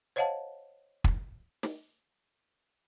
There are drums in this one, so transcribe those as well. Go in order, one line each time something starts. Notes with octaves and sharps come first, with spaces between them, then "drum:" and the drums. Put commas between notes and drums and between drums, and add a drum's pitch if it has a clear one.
C5 C#5 D#5 F5 F#5 A5
drum: kick
drum: snare